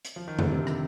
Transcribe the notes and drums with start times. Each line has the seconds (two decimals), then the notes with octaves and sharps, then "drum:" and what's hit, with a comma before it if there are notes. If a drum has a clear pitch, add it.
0.05 drum: hi-hat
0.16 F3
0.28 D#3
0.39 D3, drum: tom E2
0.50 C3
0.67 drum: rim click